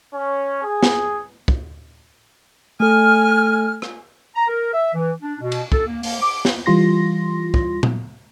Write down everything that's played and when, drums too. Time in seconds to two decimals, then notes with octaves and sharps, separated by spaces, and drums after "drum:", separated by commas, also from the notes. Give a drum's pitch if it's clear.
0.13 C#4
0.63 G#4
0.83 drum: snare
1.48 drum: kick
2.80 A3 A4 G#5 F6
3.82 drum: rim click
4.36 A#5
4.48 A#4
4.74 E5
4.95 E3
5.22 D4
5.40 B2
5.52 drum: cymbal
5.72 A4, drum: kick
5.87 A#3
6.03 A#3, drum: open hi-hat
6.21 D6
6.45 drum: snare
6.66 E3 G3 F4 C6 A#6
7.54 drum: kick
7.83 drum: tom A#2